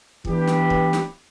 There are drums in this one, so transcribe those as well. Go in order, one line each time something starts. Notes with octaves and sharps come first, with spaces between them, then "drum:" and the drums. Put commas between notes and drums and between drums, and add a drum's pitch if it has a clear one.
E3 B3 D4 G4 B4, drum: kick
drum: snare
drum: kick
drum: snare